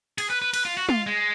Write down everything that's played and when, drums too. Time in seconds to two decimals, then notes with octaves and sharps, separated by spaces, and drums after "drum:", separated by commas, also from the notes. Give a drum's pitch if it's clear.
0.18 G#4, drum: cymbal
0.30 B4
0.42 B4
0.54 B4, drum: cymbal
0.65 F4
0.77 F#4
0.89 F4, drum: tom
1.06 G#3